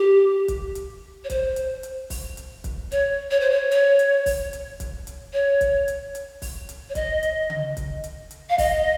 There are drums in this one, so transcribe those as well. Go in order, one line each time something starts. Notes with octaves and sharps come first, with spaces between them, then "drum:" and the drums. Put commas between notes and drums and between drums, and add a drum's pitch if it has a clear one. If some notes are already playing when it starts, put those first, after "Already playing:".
Already playing: G4
drum: kick, hi-hat
drum: hi-hat
C#5
C5, drum: kick, hi-hat
drum: hi-hat
drum: hi-hat
drum: kick, open hi-hat
drum: hi-hat
drum: kick, hi-hat
C#5, drum: hi-hat
C#5
C5
C#5
C#5, drum: hi-hat
drum: hi-hat
drum: kick, open hi-hat
drum: hi-hat
drum: kick, hi-hat
drum: hi-hat
C#5
drum: kick, hi-hat
drum: hi-hat
drum: hi-hat
drum: kick, open hi-hat
drum: hi-hat
C#5
D#5, drum: kick, hi-hat
drum: hi-hat
drum: tom C#3
drum: kick, hi-hat
drum: hi-hat
drum: hi-hat
F5
D#5, drum: kick, open hi-hat